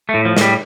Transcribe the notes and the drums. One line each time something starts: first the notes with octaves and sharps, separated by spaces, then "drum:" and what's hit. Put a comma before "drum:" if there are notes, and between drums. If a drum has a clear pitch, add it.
A3
A2
F3
A2 G3, drum: snare